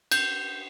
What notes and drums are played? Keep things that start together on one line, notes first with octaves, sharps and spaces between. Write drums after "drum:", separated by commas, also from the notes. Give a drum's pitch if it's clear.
G6, drum: cymbal